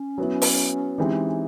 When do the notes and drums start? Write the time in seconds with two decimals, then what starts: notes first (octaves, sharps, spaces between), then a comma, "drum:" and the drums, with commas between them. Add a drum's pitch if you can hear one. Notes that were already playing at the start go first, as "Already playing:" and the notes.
Already playing: C#4
0.18 F#3 B3 E4
0.42 drum: open hi-hat
0.98 E3 G#3 C4 D#4 G4